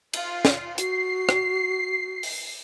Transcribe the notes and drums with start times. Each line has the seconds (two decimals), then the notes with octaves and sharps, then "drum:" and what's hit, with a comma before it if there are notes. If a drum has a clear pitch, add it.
0.13 F4, drum: cymbal
0.45 drum: snare
0.78 F#4 C7, drum: hi-hat
1.29 drum: rim click
2.23 drum: open hi-hat